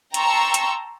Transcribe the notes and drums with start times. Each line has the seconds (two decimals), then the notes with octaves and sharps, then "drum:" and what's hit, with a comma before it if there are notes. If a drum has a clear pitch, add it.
0.14 G5 A5 A#5 C6 C#6 E6, drum: hi-hat
0.54 drum: hi-hat